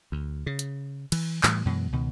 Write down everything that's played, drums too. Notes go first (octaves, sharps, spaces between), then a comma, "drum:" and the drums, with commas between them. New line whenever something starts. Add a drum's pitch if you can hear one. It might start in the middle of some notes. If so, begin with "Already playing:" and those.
D2
C#3
drum: hi-hat
E3, drum: cymbal
A2 E3 G3, drum: clap
F#2 B2 E3 G#3
C#2 B2 D#3